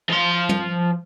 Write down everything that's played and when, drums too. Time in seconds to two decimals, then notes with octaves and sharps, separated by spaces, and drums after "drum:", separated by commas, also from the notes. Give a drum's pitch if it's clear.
0.09 F3 C6
0.49 drum: tom